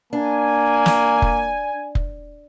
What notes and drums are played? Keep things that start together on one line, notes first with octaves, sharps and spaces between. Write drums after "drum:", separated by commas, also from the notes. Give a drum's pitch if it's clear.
A#3 D4 G#5
drum: snare
drum: kick F1
drum: kick F1